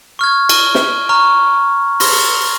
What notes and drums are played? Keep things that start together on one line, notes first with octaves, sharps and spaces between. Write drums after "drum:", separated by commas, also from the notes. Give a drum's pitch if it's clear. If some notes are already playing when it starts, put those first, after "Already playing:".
C#6 F6 G#6
drum: cymbal
drum: snare
A#5 C#6 F6
C6 F6 A#6, drum: open hi-hat